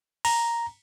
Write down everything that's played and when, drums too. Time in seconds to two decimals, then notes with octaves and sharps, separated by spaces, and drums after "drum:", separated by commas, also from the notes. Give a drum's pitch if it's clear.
0.25 A#5, drum: open hi-hat